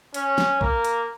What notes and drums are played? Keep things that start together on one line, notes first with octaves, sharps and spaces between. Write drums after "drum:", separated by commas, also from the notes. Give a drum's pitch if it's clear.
C#4, drum: hi-hat
drum: snare
A#3, drum: kick
drum: hi-hat